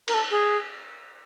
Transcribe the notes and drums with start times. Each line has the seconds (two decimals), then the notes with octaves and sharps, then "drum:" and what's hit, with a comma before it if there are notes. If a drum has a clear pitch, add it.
0.08 A#4, drum: cymbal
0.14 A4
0.31 G#4